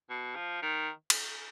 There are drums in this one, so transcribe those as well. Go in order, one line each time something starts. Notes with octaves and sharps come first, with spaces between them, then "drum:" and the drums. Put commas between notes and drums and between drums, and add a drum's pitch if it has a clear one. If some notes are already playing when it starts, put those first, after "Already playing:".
B2
F3
D#3
drum: cymbal